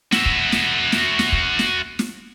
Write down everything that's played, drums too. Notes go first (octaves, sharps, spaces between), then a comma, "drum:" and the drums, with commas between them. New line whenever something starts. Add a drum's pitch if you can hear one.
F#4 E5, drum: snare
drum: kick
drum: snare
drum: snare
drum: snare
drum: kick
drum: snare
drum: snare